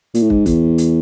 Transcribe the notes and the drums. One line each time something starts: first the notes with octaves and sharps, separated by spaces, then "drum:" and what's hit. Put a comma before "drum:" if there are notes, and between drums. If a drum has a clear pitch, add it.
A#2, drum: hi-hat
A2
G#2, drum: kick
E2, drum: kick, hi-hat
drum: hi-hat